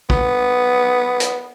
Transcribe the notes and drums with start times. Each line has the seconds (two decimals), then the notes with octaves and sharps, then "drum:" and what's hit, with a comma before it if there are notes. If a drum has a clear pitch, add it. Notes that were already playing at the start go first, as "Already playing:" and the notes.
0.10 B3, drum: kick
1.20 drum: hi-hat